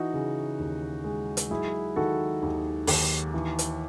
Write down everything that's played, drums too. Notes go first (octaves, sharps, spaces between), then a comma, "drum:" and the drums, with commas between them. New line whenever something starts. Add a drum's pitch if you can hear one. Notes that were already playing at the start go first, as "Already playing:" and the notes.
Already playing: E3 D#4 F#4
C#3
D#2
G#3
drum: hi-hat
F#3 E4 G#4
D#3 F#4 A4
D#2
D#2, drum: open hi-hat
E3
drum: hi-hat